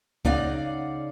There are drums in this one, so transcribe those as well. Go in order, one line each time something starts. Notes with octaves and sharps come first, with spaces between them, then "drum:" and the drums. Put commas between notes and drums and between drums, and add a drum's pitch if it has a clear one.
C#3 D#4 D5 F5 F#5, drum: kick C#2